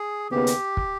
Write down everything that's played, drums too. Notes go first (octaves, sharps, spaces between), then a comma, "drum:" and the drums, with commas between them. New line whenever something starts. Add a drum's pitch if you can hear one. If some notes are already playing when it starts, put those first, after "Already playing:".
Already playing: G#4
D#2 C#3 B3 G4
drum: hi-hat
drum: kick